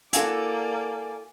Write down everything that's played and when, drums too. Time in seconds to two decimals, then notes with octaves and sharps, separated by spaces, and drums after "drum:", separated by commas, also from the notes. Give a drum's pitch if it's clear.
0.13 A#3 E4 F#4 A4 D5 G#5, drum: hi-hat